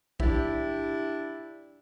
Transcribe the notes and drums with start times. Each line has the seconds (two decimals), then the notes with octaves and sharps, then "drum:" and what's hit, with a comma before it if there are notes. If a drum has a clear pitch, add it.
0.20 D4 E4 G4, drum: kick A#1